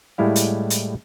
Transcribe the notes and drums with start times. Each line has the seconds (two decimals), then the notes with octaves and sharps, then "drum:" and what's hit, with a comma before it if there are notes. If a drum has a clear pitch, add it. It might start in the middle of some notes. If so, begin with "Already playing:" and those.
0.18 A2 G3 G#3 E4 F5
0.36 drum: hi-hat
0.70 drum: hi-hat